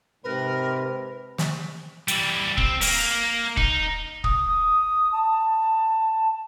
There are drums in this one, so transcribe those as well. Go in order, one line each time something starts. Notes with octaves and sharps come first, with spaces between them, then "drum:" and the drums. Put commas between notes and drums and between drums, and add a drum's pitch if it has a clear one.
G#2 C3 A#4 B4
drum: snare
E3 G3, drum: hi-hat
C4, drum: kick
A#3, drum: open hi-hat
D#4, drum: kick
D#6, drum: kick
A5